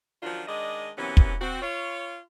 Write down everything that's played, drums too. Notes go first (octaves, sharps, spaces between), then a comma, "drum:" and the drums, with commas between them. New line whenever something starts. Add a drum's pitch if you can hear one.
D#3 F3 F#3 D4 F4 F#4
D#3 G#3 D4 D5 D#5
C3 E3 F#3 A#3 B3 C#4
drum: kick
C4 F#4
F4 C#5